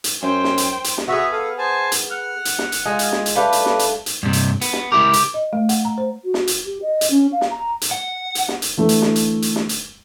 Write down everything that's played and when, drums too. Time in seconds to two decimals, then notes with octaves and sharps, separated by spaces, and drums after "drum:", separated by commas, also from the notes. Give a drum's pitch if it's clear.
0.04 drum: hi-hat
0.22 F#2 C5 G5
0.44 drum: snare
0.58 drum: hi-hat
0.84 drum: hi-hat
0.98 drum: snare
1.08 B3 F#4 G#4 E5
1.31 A4 F5
1.58 C5 G#5 A5
1.92 drum: hi-hat
2.10 F#5 F6
2.45 drum: hi-hat
2.59 drum: snare
2.72 drum: hi-hat
2.85 G#3 F4 G#4
2.99 drum: hi-hat
3.12 drum: snare
3.26 drum: hi-hat
3.35 G3 A3 D4 B4 F5
3.53 drum: hi-hat
3.66 drum: snare
3.79 drum: hi-hat
4.06 drum: hi-hat
4.23 G2 C3
4.33 drum: hi-hat
4.61 B3, drum: hi-hat
4.73 drum: snare
4.92 C#2 E4 G4 A#4
5.13 drum: hi-hat
5.34 D#5
5.53 A3
5.69 F#5, drum: hi-hat
5.85 A#5
5.98 C5
6.25 F#4
6.34 drum: snare
6.47 drum: hi-hat
6.66 G4
6.82 D#5
7.01 drum: hi-hat
7.11 C#4
7.32 F5
7.41 drum: snare
7.50 A#5
7.82 drum: hi-hat
7.91 F#5
8.35 drum: hi-hat
8.49 drum: snare
8.62 drum: hi-hat
8.77 D3 E3 A3
8.89 drum: hi-hat
9.02 drum: snare
9.16 drum: hi-hat
9.42 drum: hi-hat
9.56 drum: snare
9.69 drum: hi-hat